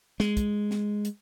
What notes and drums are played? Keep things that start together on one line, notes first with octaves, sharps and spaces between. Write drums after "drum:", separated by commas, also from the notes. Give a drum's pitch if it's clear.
G#3, drum: snare
drum: kick, hi-hat
drum: snare
drum: hi-hat